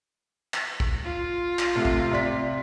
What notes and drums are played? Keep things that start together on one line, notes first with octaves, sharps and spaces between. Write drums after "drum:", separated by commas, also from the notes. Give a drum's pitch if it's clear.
drum: clap
drum: kick
F4
drum: clap
C3 A3
drum: kick
C3 D5 B6